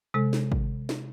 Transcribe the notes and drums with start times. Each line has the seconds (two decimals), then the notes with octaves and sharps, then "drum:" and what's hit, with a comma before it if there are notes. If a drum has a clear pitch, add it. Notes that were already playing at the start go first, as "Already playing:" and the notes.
0.14 C3 G#3 A4
0.33 drum: snare
0.52 drum: kick G#1
0.89 drum: snare